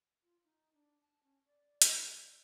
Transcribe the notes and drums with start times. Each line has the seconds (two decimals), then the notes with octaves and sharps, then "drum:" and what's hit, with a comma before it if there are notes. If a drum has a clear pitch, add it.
0.23 F4
0.44 D#4
0.74 D4
1.01 A5
1.23 C#4
1.46 D5
1.82 drum: hi-hat